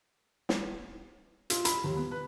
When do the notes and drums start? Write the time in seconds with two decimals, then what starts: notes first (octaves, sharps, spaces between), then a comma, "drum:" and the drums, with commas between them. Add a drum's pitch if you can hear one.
0.49 drum: snare
1.50 F4, drum: hi-hat
1.65 B5, drum: hi-hat
1.84 D#2
1.96 B3
2.11 B4